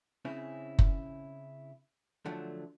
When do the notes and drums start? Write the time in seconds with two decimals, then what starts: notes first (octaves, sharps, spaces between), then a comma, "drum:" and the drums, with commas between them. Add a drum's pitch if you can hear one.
0.25 C#3 C4 C#4 E4
0.79 drum: kick F#1
2.25 D3 F3 F#3 A3 D4